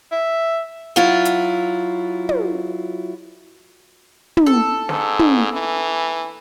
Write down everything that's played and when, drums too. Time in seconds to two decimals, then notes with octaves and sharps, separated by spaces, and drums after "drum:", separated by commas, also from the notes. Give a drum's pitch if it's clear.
0.12 E5
0.96 F#3 E4 F4, drum: hi-hat
1.25 drum: hi-hat
2.29 drum: tom
4.37 drum: tom
4.46 A4
4.89 G#2, drum: snare
5.19 drum: tom
5.53 E3